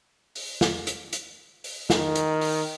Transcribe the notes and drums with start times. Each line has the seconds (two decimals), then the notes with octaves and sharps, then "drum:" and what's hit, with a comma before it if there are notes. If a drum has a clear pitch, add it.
0.35 drum: open hi-hat
0.61 drum: snare
0.87 drum: hi-hat
1.13 drum: hi-hat
1.64 drum: open hi-hat
1.90 D#3, drum: snare
2.15 drum: hi-hat
2.41 drum: open hi-hat